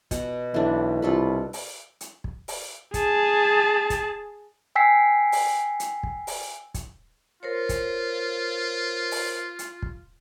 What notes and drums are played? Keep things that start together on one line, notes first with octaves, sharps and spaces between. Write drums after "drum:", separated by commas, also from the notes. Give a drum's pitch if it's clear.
B2, drum: kick, hi-hat
B1 E3 D4
C2 F4 A4 B5
drum: open hi-hat
drum: hi-hat
drum: kick
drum: open hi-hat
G#4 A5, drum: kick, hi-hat
drum: kick, hi-hat
G5 G#5 E6 B6 C7
drum: open hi-hat
drum: hi-hat
drum: kick
drum: open hi-hat
drum: kick, hi-hat
F4 A#4 C5 C#5
drum: kick, hi-hat
drum: open hi-hat
drum: hi-hat
drum: kick